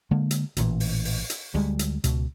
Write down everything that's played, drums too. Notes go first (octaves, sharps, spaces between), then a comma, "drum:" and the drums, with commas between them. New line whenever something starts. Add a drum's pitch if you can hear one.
D3 G#3 A#3
drum: hi-hat
A1 A#2 C#3 E3, drum: hi-hat
drum: open hi-hat
drum: open hi-hat
drum: hi-hat
D2 G3 G#3
drum: hi-hat
C#2 B2, drum: hi-hat